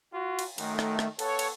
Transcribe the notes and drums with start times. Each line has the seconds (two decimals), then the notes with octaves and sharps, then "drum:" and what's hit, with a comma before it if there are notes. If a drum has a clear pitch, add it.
0.13 F4 F#4
0.39 drum: cymbal
0.58 F#2 D#3 A3, drum: cymbal
0.79 drum: rim click
0.99 drum: rim click
1.19 B3 A4 C#5, drum: cymbal
1.39 drum: cymbal